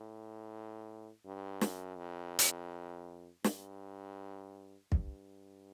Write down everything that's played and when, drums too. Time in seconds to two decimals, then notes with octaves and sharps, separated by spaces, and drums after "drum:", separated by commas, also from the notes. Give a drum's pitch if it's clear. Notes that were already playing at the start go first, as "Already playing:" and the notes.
Already playing: A2
1.25 G2
1.61 F#2, drum: snare
1.98 F2
2.39 drum: hi-hat
3.44 G2, drum: snare
4.92 G2, drum: kick